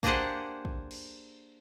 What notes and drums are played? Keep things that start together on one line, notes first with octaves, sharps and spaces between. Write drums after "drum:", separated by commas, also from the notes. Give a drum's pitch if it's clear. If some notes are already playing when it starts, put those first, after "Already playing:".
A#3 D4 G4 G#4 C5 F#5, drum: kick
drum: kick
drum: cymbal